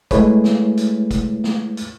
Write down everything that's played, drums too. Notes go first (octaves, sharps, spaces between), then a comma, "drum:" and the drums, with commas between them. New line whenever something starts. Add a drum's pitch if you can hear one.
G#3 A3 E4 G#4 B4 C#5, drum: kick, hi-hat
drum: snare
drum: hi-hat
drum: kick, hi-hat
drum: snare
drum: hi-hat